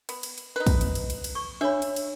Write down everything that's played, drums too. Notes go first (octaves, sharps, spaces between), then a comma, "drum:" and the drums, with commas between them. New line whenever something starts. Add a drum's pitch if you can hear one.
B3, drum: cymbal
drum: cymbal
drum: cymbal
D#4 B4
drum: kick, cymbal
drum: cymbal
drum: cymbal
drum: cymbal
drum: cymbal
C#6
D4 C#5 E5 B5
drum: cymbal
drum: cymbal